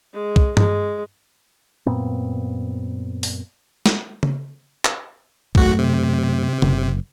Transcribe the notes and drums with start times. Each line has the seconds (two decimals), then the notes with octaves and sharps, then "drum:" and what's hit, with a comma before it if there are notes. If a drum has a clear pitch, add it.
0.13 G#3
0.36 drum: kick
0.57 G#3, drum: tom G2
1.86 F#2 A#2 B3 C4
3.23 drum: open hi-hat
3.86 drum: snare
4.23 drum: tom C#3
4.85 drum: clap
5.55 G#1 F#2 A3 F#4, drum: kick
5.79 C3
6.62 F#1, drum: tom C#3